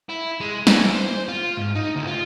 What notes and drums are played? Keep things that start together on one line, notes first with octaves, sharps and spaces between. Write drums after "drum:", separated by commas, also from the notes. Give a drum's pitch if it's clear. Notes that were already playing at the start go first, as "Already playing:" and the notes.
E4
G#3
E3, drum: snare
C5
F4
G#2
D#4
D2
F4